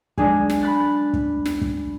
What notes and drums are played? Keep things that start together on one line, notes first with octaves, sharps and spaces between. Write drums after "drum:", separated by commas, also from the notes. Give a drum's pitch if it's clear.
G#3 D4 G#4, drum: kick
drum: snare
B5 F#6 A6
drum: kick
drum: snare
drum: kick